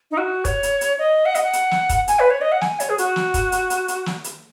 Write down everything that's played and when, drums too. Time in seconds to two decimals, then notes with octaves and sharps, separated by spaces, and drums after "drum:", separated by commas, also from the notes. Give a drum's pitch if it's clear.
0.11 D#4
0.17 F#4
0.45 C#5, drum: kick, hi-hat
0.63 drum: hi-hat
0.81 drum: hi-hat
0.99 D#5
1.26 F#5
1.35 D#5, drum: hi-hat
1.43 F#5
1.53 drum: hi-hat
1.71 drum: snare
1.89 drum: kick, hi-hat
2.08 G#5, drum: hi-hat
2.19 B4
2.30 C#5
2.41 D#5
2.52 F#5
2.61 G#5, drum: snare
2.80 C#5, drum: hi-hat
2.90 G#4
2.98 F#4, drum: hi-hat
3.16 drum: snare
3.34 drum: kick, hi-hat
3.52 drum: hi-hat
3.70 drum: hi-hat
3.88 drum: hi-hat
4.06 drum: snare
4.24 drum: hi-hat